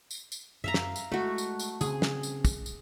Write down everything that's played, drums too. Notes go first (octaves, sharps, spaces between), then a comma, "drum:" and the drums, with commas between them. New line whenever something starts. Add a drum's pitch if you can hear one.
drum: tambourine
drum: tambourine
F#2 E5 F5 A#5
drum: snare
drum: tambourine
G#3 A3 F#4
drum: tambourine
drum: tambourine
C#3 C4 G#4, drum: tambourine
drum: snare
drum: tambourine
drum: kick, tambourine
drum: tambourine